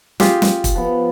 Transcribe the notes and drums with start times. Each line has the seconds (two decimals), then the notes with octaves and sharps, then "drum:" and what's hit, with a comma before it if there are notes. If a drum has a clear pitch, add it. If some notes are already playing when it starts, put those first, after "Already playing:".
0.20 F4 G4 G#4, drum: snare
0.42 drum: snare
0.64 drum: kick, hi-hat
0.75 F3 B3